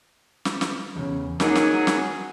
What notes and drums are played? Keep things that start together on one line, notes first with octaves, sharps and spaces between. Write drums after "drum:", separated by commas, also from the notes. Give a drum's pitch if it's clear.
drum: snare
drum: snare
E2 A2 C#3
F#3 A#3 D#4 G#4, drum: snare
drum: snare
drum: snare